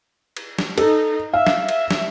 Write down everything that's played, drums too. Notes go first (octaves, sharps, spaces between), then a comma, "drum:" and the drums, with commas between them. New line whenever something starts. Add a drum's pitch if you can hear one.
drum: cymbal
drum: snare
D#4 A4, drum: cymbal
E5 F5
drum: snare
E5, drum: cymbal
drum: snare